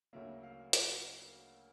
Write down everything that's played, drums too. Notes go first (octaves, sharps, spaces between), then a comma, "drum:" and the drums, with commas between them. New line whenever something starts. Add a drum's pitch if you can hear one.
D2 C#3 F#3 A#3 E5
F5
F5, drum: hi-hat